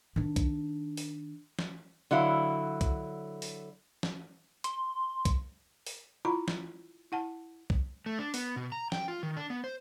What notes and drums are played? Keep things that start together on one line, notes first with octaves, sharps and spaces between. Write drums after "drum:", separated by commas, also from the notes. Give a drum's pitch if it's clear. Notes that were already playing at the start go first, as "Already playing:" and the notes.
D#3 D4
drum: kick, hi-hat
drum: open hi-hat
drum: snare
D3 F#3 E4 F5
drum: kick, hi-hat
drum: open hi-hat
drum: snare
C6, drum: hi-hat
drum: kick, hi-hat
drum: open hi-hat
E4 F4 A#5 B5
drum: snare
E4 F#5 A5
drum: kick
A3
D4
B3, drum: open hi-hat
B2
A#5
G5, drum: snare
F4
D#3
D4
B3
C5